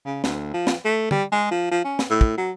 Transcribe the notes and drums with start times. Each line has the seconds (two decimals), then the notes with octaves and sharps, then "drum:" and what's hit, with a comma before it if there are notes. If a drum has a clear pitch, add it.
0.05 C#3
0.24 D2, drum: snare
0.53 F3
0.67 drum: snare
0.85 A3
1.11 G3, drum: tom
1.32 G#3
1.51 F3
1.71 F3
1.84 C#4
1.99 drum: snare
2.10 A2
2.21 drum: kick
2.37 F#3